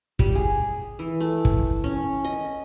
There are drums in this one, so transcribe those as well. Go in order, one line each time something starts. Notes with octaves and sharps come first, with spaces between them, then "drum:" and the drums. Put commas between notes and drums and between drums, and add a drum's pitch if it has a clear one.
G3, drum: kick
G#4
E3
A3
drum: kick
C#4
D#5